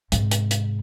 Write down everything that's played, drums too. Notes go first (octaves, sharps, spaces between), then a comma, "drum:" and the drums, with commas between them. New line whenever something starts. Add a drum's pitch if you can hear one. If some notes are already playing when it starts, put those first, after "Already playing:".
G#2 C3, drum: hi-hat
drum: hi-hat
drum: hi-hat